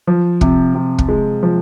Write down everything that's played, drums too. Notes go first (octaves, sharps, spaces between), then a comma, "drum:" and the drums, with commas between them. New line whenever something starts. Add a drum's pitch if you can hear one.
F3
C3, drum: kick
C3
drum: kick
G#3
F3